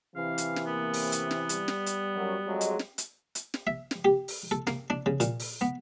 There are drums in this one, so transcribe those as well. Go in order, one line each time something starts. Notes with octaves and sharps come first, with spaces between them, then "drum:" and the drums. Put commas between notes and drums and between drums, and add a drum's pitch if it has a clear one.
C3 E3 F5
drum: hi-hat
drum: snare
A#3 B3
drum: open hi-hat
drum: hi-hat
drum: snare
G3, drum: hi-hat
drum: snare
drum: hi-hat
F#2 F#3
F2 F#3 G#3
drum: hi-hat
drum: snare
drum: hi-hat
drum: hi-hat
drum: snare
E5
drum: snare
G4
drum: open hi-hat
A4
A#3, drum: snare
D4
C#3
A#2, drum: hi-hat
drum: open hi-hat
B3